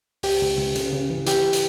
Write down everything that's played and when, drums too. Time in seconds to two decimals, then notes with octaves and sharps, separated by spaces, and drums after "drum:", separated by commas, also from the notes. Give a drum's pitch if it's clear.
0.23 C#2 G4, drum: open hi-hat
0.41 C#2
0.58 C#2
0.76 C#3, drum: hi-hat
0.93 C#3
1.10 E3
1.27 E3 G4, drum: hi-hat
1.53 drum: hi-hat